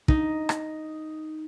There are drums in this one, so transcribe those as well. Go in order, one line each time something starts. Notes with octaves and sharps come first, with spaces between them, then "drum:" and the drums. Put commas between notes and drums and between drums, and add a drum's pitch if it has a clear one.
D#4, drum: kick
drum: rim click